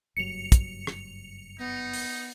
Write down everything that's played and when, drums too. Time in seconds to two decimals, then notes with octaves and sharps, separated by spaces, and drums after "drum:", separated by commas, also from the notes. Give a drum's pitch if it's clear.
0.17 F#1 G2 F#3 C#7 F7
0.52 drum: kick, hi-hat
0.87 drum: rim click
1.59 B3 D#4
1.93 drum: open hi-hat